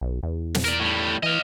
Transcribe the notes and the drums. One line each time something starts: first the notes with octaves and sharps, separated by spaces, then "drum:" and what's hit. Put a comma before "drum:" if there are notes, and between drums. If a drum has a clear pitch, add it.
B1
E2
drum: snare
A#4 D5
A2 G3
E3 D#5 F5